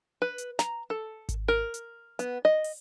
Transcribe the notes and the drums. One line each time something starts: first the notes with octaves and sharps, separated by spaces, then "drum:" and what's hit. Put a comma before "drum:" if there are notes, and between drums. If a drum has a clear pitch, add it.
B4
drum: hi-hat
A#5, drum: snare
A4
drum: kick G#1, hi-hat
A#4
drum: hi-hat
B3, drum: hi-hat
D#5
drum: open hi-hat